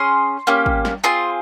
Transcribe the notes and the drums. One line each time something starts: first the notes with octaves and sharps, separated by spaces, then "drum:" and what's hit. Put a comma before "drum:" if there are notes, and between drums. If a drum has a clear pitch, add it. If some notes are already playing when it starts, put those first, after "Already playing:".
Already playing: C#4 G#4 C6
A#3 C#4 G4
drum: kick G#1
drum: snare
C4 F4 G#4 C6